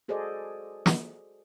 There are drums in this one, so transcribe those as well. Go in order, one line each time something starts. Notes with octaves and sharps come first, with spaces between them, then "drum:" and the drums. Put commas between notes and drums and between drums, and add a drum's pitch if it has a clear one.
F#4 G#4 A4 C5 D5 D#5
drum: snare